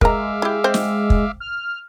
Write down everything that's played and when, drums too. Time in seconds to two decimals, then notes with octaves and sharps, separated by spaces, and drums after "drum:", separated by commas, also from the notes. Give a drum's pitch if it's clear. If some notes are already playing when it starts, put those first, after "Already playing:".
0.01 G#3 A#4 E5 F5 A#5 D6, drum: kick
0.42 E4 G4
0.64 C4 C5
0.74 drum: snare
1.10 drum: kick
1.40 F6